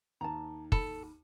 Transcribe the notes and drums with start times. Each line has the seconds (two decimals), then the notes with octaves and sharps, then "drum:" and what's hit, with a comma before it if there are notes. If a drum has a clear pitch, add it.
0.21 D#2 A5 A#5
0.72 A4 B5, drum: kick